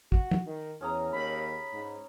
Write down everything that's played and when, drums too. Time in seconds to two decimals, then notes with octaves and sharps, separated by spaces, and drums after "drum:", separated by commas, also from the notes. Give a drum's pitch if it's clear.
0.12 F#4, drum: kick
0.31 drum: tom
0.47 D#3
0.81 E2 C#4 G#4 A#5
1.12 D#2 B5
1.73 G#2